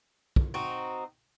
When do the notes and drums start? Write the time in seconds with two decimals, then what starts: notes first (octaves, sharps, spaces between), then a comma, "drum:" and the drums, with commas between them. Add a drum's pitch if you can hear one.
0.36 drum: kick
0.54 C4 D#4 F#4